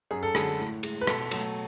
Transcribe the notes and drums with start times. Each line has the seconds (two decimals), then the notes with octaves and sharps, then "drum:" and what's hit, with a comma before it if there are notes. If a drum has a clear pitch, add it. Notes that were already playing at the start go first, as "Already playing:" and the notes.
0.11 F#2 G#4
0.23 A4
0.35 D3 G#3 G#4, drum: rim click
0.60 A2
0.83 G#3, drum: cymbal
1.01 B4
1.07 B2 A4, drum: rim click
1.31 F#3 A3, drum: cymbal